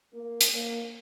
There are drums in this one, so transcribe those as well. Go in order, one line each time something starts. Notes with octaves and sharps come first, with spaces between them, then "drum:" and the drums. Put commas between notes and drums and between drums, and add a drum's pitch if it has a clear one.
A#3
drum: hi-hat
A#3